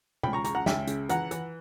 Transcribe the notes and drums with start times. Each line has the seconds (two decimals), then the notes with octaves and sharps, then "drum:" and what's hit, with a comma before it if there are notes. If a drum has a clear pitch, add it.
0.23 C#2 G5 B5, drum: tom B2
0.33 A#5 C#6
0.44 C#3 A#5 C#6, drum: hi-hat
0.55 F#5 A#5
0.66 C#2 E5 G5, drum: snare
0.87 C#3, drum: hi-hat
1.09 E3 F#5 A#5, drum: hi-hat
1.31 E3, drum: hi-hat